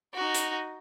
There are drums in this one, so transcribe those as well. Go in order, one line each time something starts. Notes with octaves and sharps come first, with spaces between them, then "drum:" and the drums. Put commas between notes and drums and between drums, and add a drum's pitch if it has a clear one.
D#4 F#4
drum: hi-hat